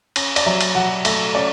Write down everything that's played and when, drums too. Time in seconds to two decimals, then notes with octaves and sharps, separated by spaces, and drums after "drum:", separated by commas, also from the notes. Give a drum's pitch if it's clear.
0.16 C#4, drum: cymbal
0.36 D5, drum: cymbal
0.46 F#3 E5
0.61 drum: cymbal
0.75 F#3 F#5
1.05 A3 E5, drum: cymbal
1.35 C#4 D5